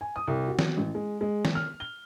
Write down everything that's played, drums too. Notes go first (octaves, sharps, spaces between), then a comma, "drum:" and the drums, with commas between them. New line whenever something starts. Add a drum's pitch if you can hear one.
G#5
D#6
C2
F#4
drum: snare D#3
A1
G#3
G#3
drum: snare D#3
F6
G7